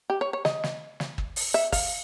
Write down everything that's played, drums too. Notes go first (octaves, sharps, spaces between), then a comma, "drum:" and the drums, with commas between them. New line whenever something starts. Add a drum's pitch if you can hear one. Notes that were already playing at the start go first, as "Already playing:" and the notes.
G4
C#5
C#5
D#5, drum: snare
drum: snare
drum: snare
drum: kick
drum: open hi-hat
E5
F5, drum: kick, open hi-hat